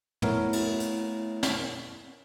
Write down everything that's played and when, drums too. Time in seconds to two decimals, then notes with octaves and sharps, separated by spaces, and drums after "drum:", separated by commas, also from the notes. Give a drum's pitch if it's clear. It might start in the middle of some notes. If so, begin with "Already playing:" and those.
0.22 A3 B3 E4 A#4 C#5, drum: tom
0.53 drum: cymbal
0.80 drum: hi-hat
1.43 drum: snare